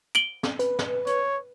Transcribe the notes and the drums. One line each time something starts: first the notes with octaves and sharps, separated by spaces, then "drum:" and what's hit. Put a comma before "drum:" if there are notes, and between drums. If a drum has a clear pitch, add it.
D7 F#7 G7
drum: snare
B4, drum: hi-hat
drum: snare
C#5, drum: hi-hat